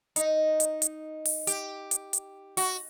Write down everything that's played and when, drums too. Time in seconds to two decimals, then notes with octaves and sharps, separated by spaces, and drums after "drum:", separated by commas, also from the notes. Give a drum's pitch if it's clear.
0.16 D#4, drum: hi-hat
0.60 drum: hi-hat
0.82 drum: hi-hat
1.25 drum: open hi-hat
1.47 G4, drum: hi-hat
1.91 drum: hi-hat
2.13 drum: hi-hat
2.57 F#4, drum: open hi-hat